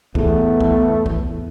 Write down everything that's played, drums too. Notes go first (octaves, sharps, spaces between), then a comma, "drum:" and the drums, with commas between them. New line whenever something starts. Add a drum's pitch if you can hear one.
E2 A3 B3, drum: kick
drum: kick
drum: kick